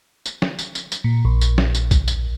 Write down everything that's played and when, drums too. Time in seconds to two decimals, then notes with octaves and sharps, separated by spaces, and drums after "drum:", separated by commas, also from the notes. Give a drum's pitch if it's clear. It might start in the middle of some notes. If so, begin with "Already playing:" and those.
0.26 drum: tambourine
0.42 drum: snare
0.59 drum: tambourine
0.75 drum: tambourine
0.92 drum: tambourine
1.04 A#2
1.25 A#1
1.41 drum: tambourine
1.58 drum: snare
1.75 drum: tambourine
1.91 drum: kick C2, tambourine
2.08 drum: tambourine